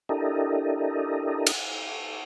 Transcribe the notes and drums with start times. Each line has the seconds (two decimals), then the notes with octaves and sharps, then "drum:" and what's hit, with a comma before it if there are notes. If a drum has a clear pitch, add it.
0.09 D4 E4 G4 A4 A#4 D#5
1.47 drum: cymbal